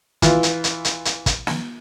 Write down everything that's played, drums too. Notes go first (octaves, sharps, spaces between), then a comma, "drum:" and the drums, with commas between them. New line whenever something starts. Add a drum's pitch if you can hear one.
E3 F4, drum: kick, hi-hat
drum: hi-hat
drum: hi-hat
drum: hi-hat
drum: hi-hat
drum: kick, hi-hat
drum: snare